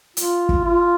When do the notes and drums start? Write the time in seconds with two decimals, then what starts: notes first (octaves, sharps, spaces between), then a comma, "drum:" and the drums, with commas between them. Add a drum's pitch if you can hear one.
0.17 F4, drum: hi-hat
0.49 drum: kick
0.64 F4